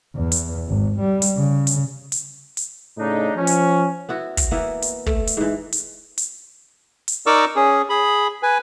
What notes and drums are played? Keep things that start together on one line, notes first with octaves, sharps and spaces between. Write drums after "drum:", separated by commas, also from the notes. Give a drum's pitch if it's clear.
E2
drum: hi-hat
G#1
G3
drum: hi-hat
C#3
drum: hi-hat
drum: hi-hat
drum: hi-hat
A2 C#3 D4 D#4
F3 C#4
drum: hi-hat
B3 E4 F#4
drum: kick, hi-hat
E3 A#3 B3 E4
drum: hi-hat
A3, drum: kick
drum: hi-hat
G#2 E3
drum: hi-hat
drum: hi-hat
drum: hi-hat
D#4 A#4 D5 C#6 D6 E6
C#4 G#4
G#4 B5
B4 G#5